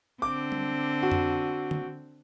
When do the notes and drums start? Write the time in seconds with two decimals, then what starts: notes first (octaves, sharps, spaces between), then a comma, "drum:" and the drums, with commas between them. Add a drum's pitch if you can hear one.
0.22 D3 C4 D6
0.52 drum: tom G3
1.02 F#4
1.11 drum: tom F2
1.71 drum: tom D3